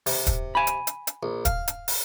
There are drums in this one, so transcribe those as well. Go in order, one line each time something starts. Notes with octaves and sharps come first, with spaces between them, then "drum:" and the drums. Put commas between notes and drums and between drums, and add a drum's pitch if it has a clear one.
C3, drum: open hi-hat
drum: kick, hi-hat
G#5 B5
drum: hi-hat
drum: hi-hat
drum: hi-hat
A#1
F5, drum: kick, hi-hat
drum: hi-hat
drum: open hi-hat